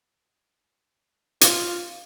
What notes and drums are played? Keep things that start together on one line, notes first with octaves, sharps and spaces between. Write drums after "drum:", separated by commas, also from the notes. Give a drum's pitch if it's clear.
F4, drum: hi-hat